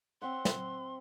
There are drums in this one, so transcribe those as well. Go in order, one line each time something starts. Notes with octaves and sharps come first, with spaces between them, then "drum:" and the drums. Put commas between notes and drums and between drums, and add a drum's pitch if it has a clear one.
C4 E5 F#5 C6
drum: snare